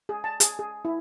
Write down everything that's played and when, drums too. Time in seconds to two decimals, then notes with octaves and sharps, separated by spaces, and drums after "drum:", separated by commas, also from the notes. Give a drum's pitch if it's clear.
0.09 G#4
0.24 A5
0.40 G#4, drum: hi-hat
0.59 G#4
0.85 E4